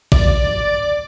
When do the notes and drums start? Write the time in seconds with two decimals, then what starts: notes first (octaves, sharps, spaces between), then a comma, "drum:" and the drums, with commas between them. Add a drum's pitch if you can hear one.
0.12 D5, drum: kick